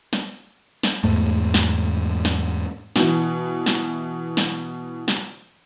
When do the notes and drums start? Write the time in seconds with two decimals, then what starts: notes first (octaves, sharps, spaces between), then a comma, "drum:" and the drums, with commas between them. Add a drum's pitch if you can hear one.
0.13 drum: snare
0.83 drum: snare
1.04 E2 G#2 A3
1.54 drum: snare
2.25 drum: snare
2.96 B2 E3, drum: snare
3.66 drum: snare
4.37 drum: snare
5.08 drum: snare